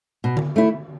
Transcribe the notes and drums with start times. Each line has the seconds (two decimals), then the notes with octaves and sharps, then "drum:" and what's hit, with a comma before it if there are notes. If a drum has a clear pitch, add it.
0.24 B2
0.37 drum: tom D3
0.56 A3 E4